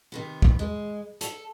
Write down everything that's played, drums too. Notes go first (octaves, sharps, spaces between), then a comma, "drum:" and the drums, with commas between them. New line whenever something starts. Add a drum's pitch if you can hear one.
C3 D#3 B3
drum: kick
G#3
A4, drum: hi-hat